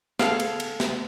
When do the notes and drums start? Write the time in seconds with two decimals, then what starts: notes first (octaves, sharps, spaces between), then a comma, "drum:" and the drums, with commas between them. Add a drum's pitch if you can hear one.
0.19 G#4 A4 F5, drum: snare
0.40 drum: cymbal
0.60 drum: cymbal
0.80 drum: snare